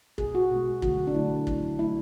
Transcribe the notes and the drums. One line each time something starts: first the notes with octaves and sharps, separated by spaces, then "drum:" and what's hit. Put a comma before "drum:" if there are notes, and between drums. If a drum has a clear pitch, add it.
B2 G#3 G#4, drum: kick
F#4
B2 G#3
D3 F#3 A3 F#4, drum: kick
D4
D3 F#3 A3 E4
D3 F#3 A3, drum: kick
D3 F#3 A3 E4